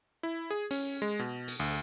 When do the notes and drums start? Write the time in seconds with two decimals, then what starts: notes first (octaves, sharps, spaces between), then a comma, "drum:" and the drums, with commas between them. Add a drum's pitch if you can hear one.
0.23 E4
0.51 G#4
0.71 C#4, drum: tambourine
1.02 G#3
1.19 B2
1.48 drum: tambourine
1.60 D2